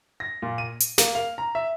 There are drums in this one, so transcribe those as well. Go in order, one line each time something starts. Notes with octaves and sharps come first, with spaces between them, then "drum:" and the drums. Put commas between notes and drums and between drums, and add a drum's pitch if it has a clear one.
A#6
A#2
D#7
drum: hi-hat
A#3, drum: snare
F5
A#5
E5